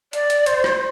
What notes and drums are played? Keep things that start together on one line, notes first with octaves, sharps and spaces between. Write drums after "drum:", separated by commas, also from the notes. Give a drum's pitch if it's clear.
D5, drum: hi-hat
drum: hi-hat
C5, drum: hi-hat
drum: rim click